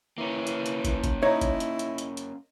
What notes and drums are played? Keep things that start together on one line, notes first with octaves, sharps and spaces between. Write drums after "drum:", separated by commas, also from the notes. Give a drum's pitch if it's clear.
E3 A#3 C#4
drum: hi-hat
drum: hi-hat
drum: kick, hi-hat
drum: kick, hi-hat
D#4 E4 C#5
drum: kick, hi-hat
drum: hi-hat
drum: hi-hat
drum: hi-hat
drum: hi-hat